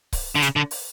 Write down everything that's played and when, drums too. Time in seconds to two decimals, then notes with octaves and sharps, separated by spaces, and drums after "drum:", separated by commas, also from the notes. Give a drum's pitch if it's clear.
0.13 drum: kick C#1, open hi-hat
0.35 D3
0.42 C#3, drum: hi-hat
0.56 D3
0.71 drum: open hi-hat